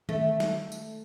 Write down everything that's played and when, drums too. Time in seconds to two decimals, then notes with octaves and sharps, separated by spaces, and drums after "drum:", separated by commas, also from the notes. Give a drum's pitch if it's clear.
0.09 A3, drum: tom D#3
0.40 drum: snare
0.72 drum: tambourine